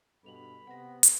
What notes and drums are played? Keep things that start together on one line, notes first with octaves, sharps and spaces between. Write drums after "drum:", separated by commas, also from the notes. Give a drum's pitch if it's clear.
G2 B2 A4 B5 F7 F#7
C3 B3 F#5 A#6
drum: hi-hat